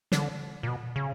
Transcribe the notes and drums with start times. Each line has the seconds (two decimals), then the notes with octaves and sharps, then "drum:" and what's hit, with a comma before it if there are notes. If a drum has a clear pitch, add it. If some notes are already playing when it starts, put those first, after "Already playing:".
0.12 D3, drum: snare
0.63 A#2
0.68 B2
0.96 C#3